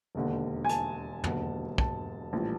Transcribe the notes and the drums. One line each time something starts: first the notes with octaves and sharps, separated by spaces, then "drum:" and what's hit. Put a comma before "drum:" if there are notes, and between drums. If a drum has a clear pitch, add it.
E1 D#2 D3
G#5
A5, drum: hi-hat
E1 D#2 D3 F#3, drum: tom
A5, drum: kick
A#1 A2 E3 G3